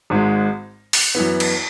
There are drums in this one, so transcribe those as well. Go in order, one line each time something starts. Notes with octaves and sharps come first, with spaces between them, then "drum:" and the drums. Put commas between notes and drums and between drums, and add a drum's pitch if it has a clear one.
G#1 G#2 G#3
drum: open hi-hat
F#2 E3 B3
drum: cymbal